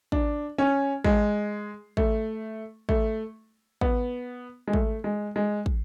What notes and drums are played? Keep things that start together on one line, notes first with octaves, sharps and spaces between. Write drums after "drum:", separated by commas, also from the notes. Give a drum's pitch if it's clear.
D4, drum: kick
C#4
G#3, drum: kick
A3, drum: kick
A3, drum: kick
B3, drum: kick
G#3
A3, drum: kick
G#3
G#3
drum: kick